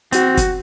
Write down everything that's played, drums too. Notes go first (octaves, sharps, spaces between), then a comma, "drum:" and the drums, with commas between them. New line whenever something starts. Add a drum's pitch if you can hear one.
C4 F#4, drum: hi-hat
drum: kick, hi-hat